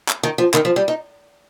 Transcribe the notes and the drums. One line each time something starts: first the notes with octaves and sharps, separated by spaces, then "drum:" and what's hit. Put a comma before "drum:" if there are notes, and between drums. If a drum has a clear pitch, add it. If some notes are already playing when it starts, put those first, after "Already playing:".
drum: clap
D#3
F3
D#3, drum: clap
F3
G3
D#4